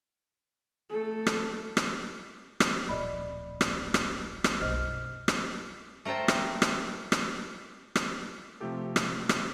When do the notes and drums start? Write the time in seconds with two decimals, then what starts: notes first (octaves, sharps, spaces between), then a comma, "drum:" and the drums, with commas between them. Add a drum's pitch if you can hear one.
0.90 A3 A4
1.27 drum: rim click
1.77 drum: rim click
2.60 drum: rim click
2.89 D1 A#1 D5 D#5 B5
3.61 drum: rim click
3.94 drum: rim click
4.44 drum: rim click
4.61 B1 F#2 C5 D#5 F6
5.28 drum: rim click
6.05 A3 A#4 C5 G5 A5
6.28 drum: rim click
6.62 drum: rim click
7.12 drum: rim click
7.95 drum: rim click
8.60 C3 F3 A3 F4 G4 A4
8.96 drum: rim click
9.29 drum: rim click